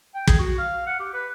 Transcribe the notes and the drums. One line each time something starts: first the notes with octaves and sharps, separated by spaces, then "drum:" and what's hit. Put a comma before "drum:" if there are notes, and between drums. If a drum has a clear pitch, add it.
G5
G#4, drum: kick
F#4
F5
F#5
G4
B4